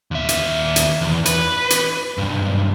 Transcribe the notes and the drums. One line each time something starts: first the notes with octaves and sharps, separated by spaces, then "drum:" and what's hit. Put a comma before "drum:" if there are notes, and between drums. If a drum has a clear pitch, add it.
D#2 E5
drum: hi-hat
drum: hi-hat
E2
B4, drum: hi-hat
drum: hi-hat
B1 G2